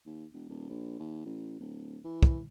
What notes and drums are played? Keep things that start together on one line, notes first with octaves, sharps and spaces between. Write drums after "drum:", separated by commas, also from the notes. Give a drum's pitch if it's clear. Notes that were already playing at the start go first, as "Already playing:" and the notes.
D#2
E1
D#1
A#1
D#2
A1
D1
E3
drum: kick